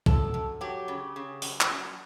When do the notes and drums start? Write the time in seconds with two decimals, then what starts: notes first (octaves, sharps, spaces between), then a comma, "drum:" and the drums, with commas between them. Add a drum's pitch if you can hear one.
0.06 F#2 A4, drum: kick
0.34 F#2
0.61 F#3 G4
0.88 C#3
1.16 C#3
1.42 F#2, drum: open hi-hat
1.61 drum: clap
1.70 F#2